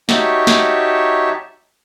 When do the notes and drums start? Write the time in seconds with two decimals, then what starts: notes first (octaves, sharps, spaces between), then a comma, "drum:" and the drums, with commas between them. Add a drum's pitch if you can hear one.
0.09 D#4 F#4 G4 C#5 E5 A5, drum: snare
0.47 drum: snare